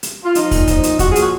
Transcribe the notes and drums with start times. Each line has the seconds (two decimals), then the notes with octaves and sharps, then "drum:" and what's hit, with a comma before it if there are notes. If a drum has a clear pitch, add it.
0.03 drum: hi-hat
0.24 F4
0.35 F3 D#4, drum: hi-hat
0.51 A#2, drum: kick, open hi-hat
0.68 F3, drum: kick, hi-hat
0.83 A#2, drum: hi-hat
0.99 F3 F#4, drum: kick, hi-hat
1.10 G#4
1.16 A#2, drum: hi-hat
1.21 F#4